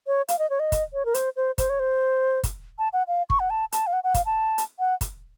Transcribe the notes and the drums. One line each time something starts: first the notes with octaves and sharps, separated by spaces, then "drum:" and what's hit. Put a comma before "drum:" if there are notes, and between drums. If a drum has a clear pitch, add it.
C#5
F5, drum: hi-hat
D#5
C#5
D#5
drum: kick, hi-hat
C#5
A#4
C5, drum: hi-hat
C5
C5, drum: kick, hi-hat
C#5
C5
drum: kick, hi-hat
A5
F#5
F5
C#6, drum: kick
F#5
A5
A5, drum: hi-hat
F5
F#5
F#5
F5, drum: kick, hi-hat
A5
drum: hi-hat
F#5
drum: kick, hi-hat